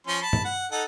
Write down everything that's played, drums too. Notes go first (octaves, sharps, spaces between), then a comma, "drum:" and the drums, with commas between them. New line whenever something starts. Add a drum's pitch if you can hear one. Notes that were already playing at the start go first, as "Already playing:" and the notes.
F3 C#4 C6
A5 B5
drum: tom G2
F#5
D#4 A4 F#5